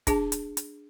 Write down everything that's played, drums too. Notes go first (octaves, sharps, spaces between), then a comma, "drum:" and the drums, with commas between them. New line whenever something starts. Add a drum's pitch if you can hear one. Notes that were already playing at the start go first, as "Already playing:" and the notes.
D4 G#4 A5, drum: kick, hi-hat
drum: hi-hat
drum: hi-hat